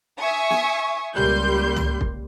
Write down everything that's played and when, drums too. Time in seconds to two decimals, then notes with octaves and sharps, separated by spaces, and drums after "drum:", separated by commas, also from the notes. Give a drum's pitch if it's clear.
0.18 E5 G#5 C#6 D#6
0.50 drum: snare B3
1.15 C#2 G3 A#3 C6 G6
1.76 drum: tom
2.01 drum: kick